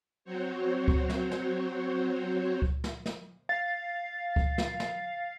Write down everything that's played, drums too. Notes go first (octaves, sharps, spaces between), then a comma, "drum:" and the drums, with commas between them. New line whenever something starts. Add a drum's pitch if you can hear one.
F#3 C4 F#4 C5 C#5
drum: kick C#2
drum: snare
drum: snare
drum: kick C#2
drum: snare
drum: snare
F5 A6
drum: kick C#2
drum: snare
drum: snare